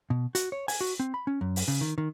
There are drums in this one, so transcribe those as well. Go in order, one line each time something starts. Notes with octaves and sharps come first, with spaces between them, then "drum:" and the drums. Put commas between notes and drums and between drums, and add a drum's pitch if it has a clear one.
B2
F#4, drum: hi-hat
C#5
G#5, drum: open hi-hat
F#4
C4
B5
C#4
F#2
drum: open hi-hat
C#3
D#3
D#3